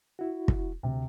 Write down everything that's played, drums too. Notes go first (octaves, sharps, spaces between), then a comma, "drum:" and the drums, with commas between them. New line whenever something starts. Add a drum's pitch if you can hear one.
E4 F#4
drum: kick
D2 C3